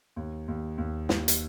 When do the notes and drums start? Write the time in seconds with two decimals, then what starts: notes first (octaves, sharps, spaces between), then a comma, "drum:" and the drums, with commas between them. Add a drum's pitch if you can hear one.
0.16 D#2
0.48 D#2
0.78 D#2
1.09 D#2, drum: snare
1.28 drum: hi-hat